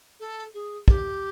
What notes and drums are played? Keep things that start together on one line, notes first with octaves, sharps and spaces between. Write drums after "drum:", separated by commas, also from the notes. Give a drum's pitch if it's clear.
A4
G#4
G4, drum: kick